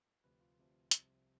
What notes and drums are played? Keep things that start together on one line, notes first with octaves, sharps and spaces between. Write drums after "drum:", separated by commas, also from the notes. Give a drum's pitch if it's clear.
D2 C3 F3 B4
F4
D2 C3 F3
C2 C3 F3, drum: hi-hat